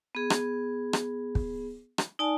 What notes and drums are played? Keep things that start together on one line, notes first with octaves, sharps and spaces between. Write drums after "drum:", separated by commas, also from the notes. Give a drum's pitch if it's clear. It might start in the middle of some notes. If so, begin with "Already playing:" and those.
B3 G#4
drum: rim click
drum: rim click
drum: kick
drum: rim click
D#4 D5 G#5 A5